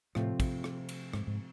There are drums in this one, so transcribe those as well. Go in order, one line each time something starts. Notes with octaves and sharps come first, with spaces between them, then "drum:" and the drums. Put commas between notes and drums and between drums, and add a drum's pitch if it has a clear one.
A2 C3 F3 A3 C4 F4, drum: rim click
drum: kick, cymbal
drum: rim click
drum: cymbal
G#2, drum: rim click
G#2